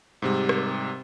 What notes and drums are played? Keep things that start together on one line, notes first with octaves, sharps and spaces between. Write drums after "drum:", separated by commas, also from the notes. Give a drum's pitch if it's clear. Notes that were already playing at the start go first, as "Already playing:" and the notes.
G#2 C3 G3
drum: rim click